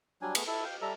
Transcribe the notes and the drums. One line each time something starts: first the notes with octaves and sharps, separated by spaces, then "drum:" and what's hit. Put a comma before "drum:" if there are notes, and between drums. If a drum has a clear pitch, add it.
F#3 G3 D4 G#5
A3 B3 G#4, drum: cymbal
E4 A4
F5 G5
G3 A4 E5 A#5